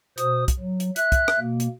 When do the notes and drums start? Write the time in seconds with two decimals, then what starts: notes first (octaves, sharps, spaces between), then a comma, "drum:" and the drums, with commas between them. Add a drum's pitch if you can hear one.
0.18 B2 C5 D#6, drum: hi-hat
0.48 drum: kick, hi-hat
0.59 F#3
0.80 drum: hi-hat
0.96 E5 F#6, drum: hi-hat
1.12 drum: kick, hi-hat
1.28 drum: rim click
1.39 B2 A#3
1.60 drum: hi-hat